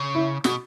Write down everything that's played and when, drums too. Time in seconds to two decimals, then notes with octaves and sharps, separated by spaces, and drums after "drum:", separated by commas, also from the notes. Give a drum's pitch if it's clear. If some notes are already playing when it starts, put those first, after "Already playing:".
Already playing: C#3
0.15 E4
0.44 B2 F#4, drum: snare